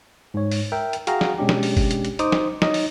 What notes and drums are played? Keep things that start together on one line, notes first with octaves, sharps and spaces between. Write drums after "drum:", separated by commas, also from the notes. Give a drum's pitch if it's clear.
G#2 C#5
drum: open hi-hat
A#4 E5 G5
drum: hi-hat
F#4 G#4 F5 G5 A#5, drum: hi-hat
drum: snare
B2 G#3 C#4 D4 G4
drum: snare
drum: open hi-hat
drum: kick F#1, open hi-hat
drum: hi-hat
drum: hi-hat
D#4 C5 D6 D#6, drum: hi-hat
drum: snare
D#4 C#5 D#5, drum: snare
drum: open hi-hat